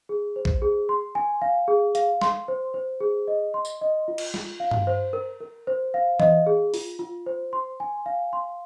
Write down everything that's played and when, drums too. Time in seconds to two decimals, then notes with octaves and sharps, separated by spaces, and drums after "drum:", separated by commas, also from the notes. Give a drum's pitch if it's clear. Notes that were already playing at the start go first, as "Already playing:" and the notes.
0.09 G#4
0.36 C5
0.45 drum: kick A#1
0.62 G#4
0.89 C6
1.15 G#5
1.42 F5
1.68 G#4
1.95 F5, drum: hi-hat
2.21 C6, drum: snare
2.48 C5
2.74 C5
3.00 G#4
3.28 D#5
3.54 C6
3.65 drum: tambourine
3.81 D#5
4.08 F4
4.18 drum: cymbal
4.34 F4, drum: snare
4.60 F5
4.71 drum: tom G2
4.87 C5
5.13 A#4
5.40 A#4
5.67 C5
5.94 F5
6.20 D#5, drum: tom E3
6.46 G#4
6.74 F4, drum: open hi-hat
6.99 F4
7.26 C5
7.53 C6
7.80 G#5
8.06 F5
8.33 C6